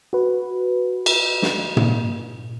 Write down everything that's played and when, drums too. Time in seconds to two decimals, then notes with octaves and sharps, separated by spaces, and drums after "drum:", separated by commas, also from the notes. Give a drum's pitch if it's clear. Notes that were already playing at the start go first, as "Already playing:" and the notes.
0.13 F#4 B4
1.06 drum: cymbal
1.42 drum: snare
1.77 A#2, drum: tom